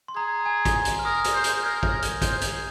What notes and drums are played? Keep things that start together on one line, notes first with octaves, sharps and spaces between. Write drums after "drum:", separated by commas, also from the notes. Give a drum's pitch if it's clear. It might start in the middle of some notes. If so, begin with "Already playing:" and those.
C6
G#4 A#5
G#5
drum: kick, hi-hat
G#5
drum: hi-hat
F6
A#4 D#6
F6, drum: hi-hat
C5
G6, drum: hi-hat
A#4 G#6
drum: kick
G#6
drum: hi-hat
C5 G6, drum: kick, hi-hat
G#6, drum: hi-hat